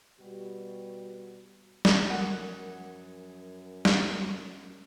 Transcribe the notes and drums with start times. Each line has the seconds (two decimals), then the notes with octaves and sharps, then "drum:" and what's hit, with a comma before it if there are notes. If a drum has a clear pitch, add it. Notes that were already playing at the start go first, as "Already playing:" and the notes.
0.21 B2 G3 F#4 G4 B4
1.85 drum: snare
2.10 F#2 F3 A#4 F#5 G#6
3.85 drum: snare